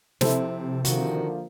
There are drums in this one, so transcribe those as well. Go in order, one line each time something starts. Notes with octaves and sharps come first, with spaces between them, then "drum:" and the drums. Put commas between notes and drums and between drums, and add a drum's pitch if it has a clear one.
C3 F3 C4 E4 A4 C5, drum: snare
D3 D#3 F3 A#3 F#4, drum: hi-hat